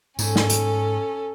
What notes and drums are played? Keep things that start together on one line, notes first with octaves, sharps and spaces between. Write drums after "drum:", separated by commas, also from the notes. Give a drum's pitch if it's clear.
G#2 C#4 A4, drum: tambourine
drum: snare
drum: hi-hat